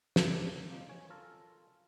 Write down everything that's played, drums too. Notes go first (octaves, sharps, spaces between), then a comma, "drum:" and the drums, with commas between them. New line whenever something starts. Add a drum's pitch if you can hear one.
A4 D5 A#5, drum: snare
F3 A#3 D#4
C#5 G#5
F4 A4 A#4